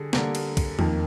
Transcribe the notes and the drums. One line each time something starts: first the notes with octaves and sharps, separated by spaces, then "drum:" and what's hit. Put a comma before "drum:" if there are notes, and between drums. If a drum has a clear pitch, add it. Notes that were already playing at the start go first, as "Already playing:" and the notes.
Already playing: D3 G3 G#4
D3 G3 A#3 A#4, drum: snare
drum: cymbal
drum: kick, cymbal
F2 D#3 A#3, drum: tom E2